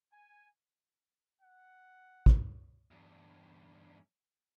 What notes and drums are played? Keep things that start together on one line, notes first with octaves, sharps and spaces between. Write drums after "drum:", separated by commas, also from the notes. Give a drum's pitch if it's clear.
G#5
F#5
drum: kick
E2 G2